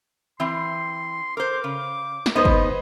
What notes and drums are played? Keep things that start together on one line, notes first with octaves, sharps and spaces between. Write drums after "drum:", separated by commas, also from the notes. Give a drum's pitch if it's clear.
E3 C4 C6
A#4 C5 D6
C#3
drum: snare
G#3 B3 D#4 B4 C5 D#5
drum: kick